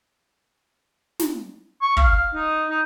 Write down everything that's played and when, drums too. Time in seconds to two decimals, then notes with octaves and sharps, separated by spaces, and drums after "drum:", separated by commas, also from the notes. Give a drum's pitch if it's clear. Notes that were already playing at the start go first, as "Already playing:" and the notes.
1.19 drum: snare
1.82 C#6
1.97 F5, drum: kick
2.35 D#4
2.70 D#4